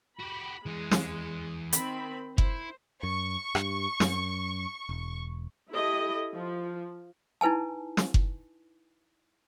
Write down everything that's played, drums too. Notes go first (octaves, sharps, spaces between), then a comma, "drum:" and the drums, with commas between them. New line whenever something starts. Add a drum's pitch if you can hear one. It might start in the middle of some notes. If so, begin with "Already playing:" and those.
F#4 G4 B5
E3 G#3 G#4
drum: snare
D#3 C4 B5, drum: hi-hat
E4 C5, drum: kick F#1
F#2 C#6
G2, drum: rim click
F#2, drum: snare
E1
E4 G4 A4 D#5
F3
D#4 E4 B4 G#5 A5
drum: snare
drum: kick F#1